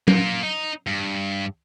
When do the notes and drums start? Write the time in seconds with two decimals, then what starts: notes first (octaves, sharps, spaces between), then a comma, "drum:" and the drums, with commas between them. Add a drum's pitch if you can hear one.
0.08 A#3 F4, drum: tom F#3
0.43 D#4
0.87 G2